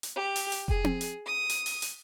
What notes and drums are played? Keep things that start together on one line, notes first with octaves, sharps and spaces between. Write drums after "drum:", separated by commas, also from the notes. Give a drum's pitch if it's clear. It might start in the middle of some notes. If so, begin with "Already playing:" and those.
drum: hi-hat
G4
drum: open hi-hat
drum: hi-hat
G#4, drum: kick F1
drum: tom C4
drum: hi-hat
D#6
drum: hi-hat
drum: open hi-hat
drum: hi-hat